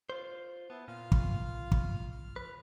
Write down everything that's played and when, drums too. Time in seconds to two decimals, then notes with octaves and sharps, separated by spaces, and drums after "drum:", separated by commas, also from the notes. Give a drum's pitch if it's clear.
0.10 F4 C5
0.70 B3 E4 A5
0.88 A#2 F4 F5 F6
1.12 drum: kick
1.72 drum: kick
2.12 F6
2.36 B4